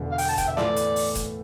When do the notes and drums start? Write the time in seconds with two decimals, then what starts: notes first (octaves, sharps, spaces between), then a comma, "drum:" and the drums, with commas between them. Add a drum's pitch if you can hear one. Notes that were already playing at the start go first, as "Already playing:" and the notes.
Already playing: E1 E2 D3
0.12 F5
0.18 G5, drum: open hi-hat
0.29 A5
0.38 G5, drum: kick, hi-hat
0.47 E5
0.57 A2 E3 A3 F4 A4 D5, drum: snare
0.77 drum: hi-hat
0.96 drum: open hi-hat
1.15 drum: kick, hi-hat